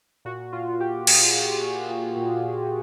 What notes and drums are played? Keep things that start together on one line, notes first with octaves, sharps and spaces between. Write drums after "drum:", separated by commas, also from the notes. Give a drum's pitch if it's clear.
A#2 F#4
A#2 F4
A#2 G4
A#2 G#4, drum: cymbal
A#2
A#2
A#2
A#2
A#2